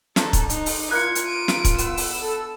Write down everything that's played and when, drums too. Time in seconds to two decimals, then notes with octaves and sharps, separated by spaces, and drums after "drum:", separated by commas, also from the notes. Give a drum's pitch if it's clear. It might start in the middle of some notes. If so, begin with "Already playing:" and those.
0.16 D4 A4 C5 A#5, drum: snare
0.33 drum: kick, hi-hat
0.50 D#4, drum: hi-hat
0.66 drum: open hi-hat
0.91 A#3 E4 F4 A#4 F#6 G#6 C#7
1.15 drum: hi-hat
1.26 D7 D#7
1.48 drum: snare
1.65 drum: kick, hi-hat
1.78 B3 B4 E6, drum: hi-hat
1.97 drum: open hi-hat
2.22 A4